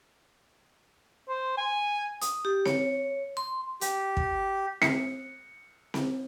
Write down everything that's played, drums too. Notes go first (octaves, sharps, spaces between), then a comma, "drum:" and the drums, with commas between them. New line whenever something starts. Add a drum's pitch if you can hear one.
C5
G#5
D#6, drum: hi-hat
G4
C#5, drum: snare C4
C6
G4, drum: hi-hat
drum: kick
C#7, drum: snare C4
drum: snare C4